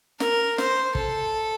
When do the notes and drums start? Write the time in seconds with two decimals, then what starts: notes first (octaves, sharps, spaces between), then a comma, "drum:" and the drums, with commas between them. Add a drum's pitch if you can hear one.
0.20 A#4, drum: snare
0.58 C5, drum: snare
0.95 A4, drum: kick